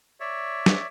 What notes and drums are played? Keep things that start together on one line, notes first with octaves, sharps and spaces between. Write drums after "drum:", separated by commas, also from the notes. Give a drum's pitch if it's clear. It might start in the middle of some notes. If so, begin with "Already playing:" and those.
C#5 D5 E5
drum: snare